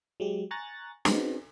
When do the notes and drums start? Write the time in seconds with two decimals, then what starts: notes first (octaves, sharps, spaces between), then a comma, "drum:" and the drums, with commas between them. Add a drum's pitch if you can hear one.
0.20 F#3 G#3 G4
0.51 G#5 A#5 C#6 F#6 A6 A#6
1.05 C4 C#4 D#4 F#4 G#4 B4, drum: snare